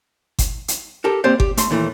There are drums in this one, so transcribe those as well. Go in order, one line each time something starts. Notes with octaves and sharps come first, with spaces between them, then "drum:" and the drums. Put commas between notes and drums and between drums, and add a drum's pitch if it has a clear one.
drum: kick G1, hi-hat
drum: hi-hat
G4 A4 A#4
A#3 C4 G4 C5 D5
G4, drum: kick G1
A3 C6, drum: hi-hat
D#2 A#2 E3 A3